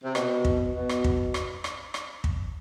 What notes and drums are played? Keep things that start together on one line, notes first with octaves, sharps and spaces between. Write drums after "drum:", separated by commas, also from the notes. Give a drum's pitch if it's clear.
C3
B2, drum: rim click
drum: kick
B2
drum: rim click
drum: kick
drum: rim click
drum: rim click
drum: rim click
drum: kick